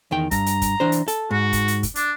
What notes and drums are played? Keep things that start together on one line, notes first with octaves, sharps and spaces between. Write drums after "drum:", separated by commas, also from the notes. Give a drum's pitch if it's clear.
E2 D#3 G5
G2 A#5, drum: kick, hi-hat
drum: hi-hat
drum: kick, hi-hat
E3 D4 C5
drum: hi-hat
A4, drum: hi-hat
G#2 F#4
drum: kick, hi-hat
drum: hi-hat
drum: kick, hi-hat
D4, drum: hi-hat